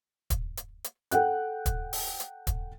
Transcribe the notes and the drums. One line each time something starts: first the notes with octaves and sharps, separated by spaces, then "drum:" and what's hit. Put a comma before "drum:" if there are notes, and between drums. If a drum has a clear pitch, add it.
drum: kick, hi-hat
drum: hi-hat
drum: hi-hat
A4 F#5 G5 F#6, drum: hi-hat
drum: kick, hi-hat
drum: open hi-hat
drum: hi-hat
drum: kick, hi-hat